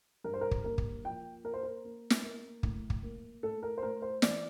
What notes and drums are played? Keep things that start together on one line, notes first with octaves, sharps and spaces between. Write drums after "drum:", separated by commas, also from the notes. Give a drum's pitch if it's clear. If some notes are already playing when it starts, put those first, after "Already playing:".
G2 A#4
C5
A#4
drum: kick
A#3 A#4
drum: kick
F3 G5
A#3 A#4
C5
A#4
A#3
drum: snare
A#3
A2, drum: kick
drum: kick
A#3
A2 A4
A#4
C5
A2 A#4
C5
E3 D5, drum: snare